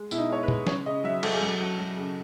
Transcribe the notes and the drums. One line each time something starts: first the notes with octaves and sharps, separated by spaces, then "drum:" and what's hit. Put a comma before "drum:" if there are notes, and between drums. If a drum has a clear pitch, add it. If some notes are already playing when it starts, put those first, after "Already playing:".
Already playing: G#3
B2 E4, drum: tambourine
D#4
G#3 C#5
B4
G#3, drum: tom
C#3 C#5, drum: snare
C#3 D#5
F#3 E5
F#3 A4, drum: cymbal
G#4
F#3 A4
F#3
F#3
C#3